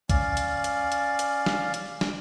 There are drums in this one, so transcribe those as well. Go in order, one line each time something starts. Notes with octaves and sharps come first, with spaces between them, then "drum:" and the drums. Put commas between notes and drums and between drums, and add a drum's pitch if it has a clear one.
C#4 D5 F5, drum: kick, hi-hat
drum: hi-hat
drum: hi-hat
drum: hi-hat
drum: hi-hat
drum: snare
drum: hi-hat
drum: snare